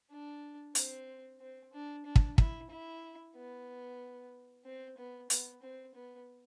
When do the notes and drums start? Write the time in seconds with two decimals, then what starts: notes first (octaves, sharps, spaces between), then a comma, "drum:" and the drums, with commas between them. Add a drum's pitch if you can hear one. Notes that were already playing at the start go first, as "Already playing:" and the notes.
0.11 D4
0.75 C4, drum: hi-hat
1.40 C4
1.73 D4
2.05 D4
2.16 drum: kick
2.38 E4, drum: kick
2.70 E4
3.35 B3
4.65 C4
4.98 B3
5.30 B3, drum: hi-hat
5.62 C4
5.95 B3